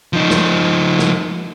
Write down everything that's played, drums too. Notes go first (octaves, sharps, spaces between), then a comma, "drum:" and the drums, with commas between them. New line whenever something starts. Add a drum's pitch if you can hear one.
F3 D#4
drum: snare
drum: snare